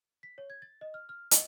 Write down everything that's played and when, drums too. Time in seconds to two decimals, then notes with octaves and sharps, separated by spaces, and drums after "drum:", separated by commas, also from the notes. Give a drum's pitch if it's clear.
0.23 B6
0.38 C#5
0.50 G#6
0.62 A6
0.81 D#5
0.94 F6
1.09 F6
1.31 D#5, drum: hi-hat